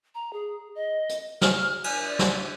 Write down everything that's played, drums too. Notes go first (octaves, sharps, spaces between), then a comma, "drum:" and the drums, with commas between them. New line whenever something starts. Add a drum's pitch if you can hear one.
A#5
G#4
D#5
drum: hi-hat
F6, drum: snare
G#5, drum: cymbal
D5
drum: snare